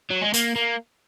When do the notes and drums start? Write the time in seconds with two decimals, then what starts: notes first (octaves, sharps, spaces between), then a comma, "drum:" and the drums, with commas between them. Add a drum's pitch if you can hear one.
0.10 F#3
0.22 G#3
0.34 A#3, drum: hi-hat
0.56 A#3